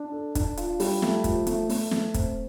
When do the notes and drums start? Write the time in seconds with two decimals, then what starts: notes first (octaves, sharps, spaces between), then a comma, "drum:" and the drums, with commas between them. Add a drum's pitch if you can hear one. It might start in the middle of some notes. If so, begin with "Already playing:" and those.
Already playing: D4
0.12 A4
0.35 D4, drum: kick, hi-hat
0.57 F4, drum: hi-hat
0.80 G3, drum: open hi-hat
1.02 A3, drum: snare
1.24 F3, drum: kick, hi-hat
1.47 A3, drum: hi-hat
1.69 A3, drum: open hi-hat
1.91 A3, drum: snare
2.14 C4, drum: kick, hi-hat